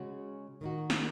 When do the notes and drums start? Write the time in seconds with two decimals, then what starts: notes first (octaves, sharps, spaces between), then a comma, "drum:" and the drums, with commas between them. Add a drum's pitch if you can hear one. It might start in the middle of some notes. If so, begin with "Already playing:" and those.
Already playing: C#3 G#3 C#4 F#4
0.61 D#3 A#3 D#4 F#4
0.90 drum: snare